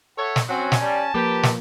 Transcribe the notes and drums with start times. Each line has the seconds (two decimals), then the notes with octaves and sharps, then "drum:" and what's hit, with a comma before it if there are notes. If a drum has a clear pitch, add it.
0.18 A4 C#5 E5 F#5
0.36 drum: snare
0.49 F#3 C4 C#4 F#4 G#5
0.72 drum: snare
0.81 G3 A5
1.14 F3 A#3 G4 A#4 B4
1.43 drum: snare